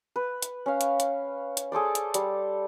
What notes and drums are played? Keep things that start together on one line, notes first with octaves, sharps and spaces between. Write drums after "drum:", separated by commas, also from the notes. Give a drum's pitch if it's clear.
B4
drum: hi-hat
C#4 F5
drum: hi-hat
drum: hi-hat
drum: hi-hat
G#4 A4 C5 D5
drum: hi-hat
G3, drum: hi-hat